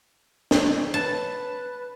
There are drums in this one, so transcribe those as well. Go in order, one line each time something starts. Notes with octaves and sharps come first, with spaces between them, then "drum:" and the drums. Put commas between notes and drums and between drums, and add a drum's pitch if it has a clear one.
drum: snare
B4 A5